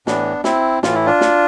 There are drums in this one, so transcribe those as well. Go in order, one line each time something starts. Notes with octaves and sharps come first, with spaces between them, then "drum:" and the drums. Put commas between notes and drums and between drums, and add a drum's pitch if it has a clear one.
A2 E3 B3 D4, drum: snare
C4 E4, drum: snare
A2 E3 F4, drum: snare
E4
D4 F4
drum: snare